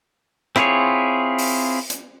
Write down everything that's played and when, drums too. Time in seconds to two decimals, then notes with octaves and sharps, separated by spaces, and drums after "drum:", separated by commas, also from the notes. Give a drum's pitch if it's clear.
0.56 C4 E4 F4 G#4 C#5, drum: rim click
1.39 drum: open hi-hat
1.90 drum: hi-hat